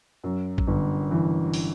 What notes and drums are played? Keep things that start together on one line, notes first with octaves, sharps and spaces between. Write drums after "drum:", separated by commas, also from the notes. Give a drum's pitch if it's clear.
F#2
drum: kick
G1
E3
drum: open hi-hat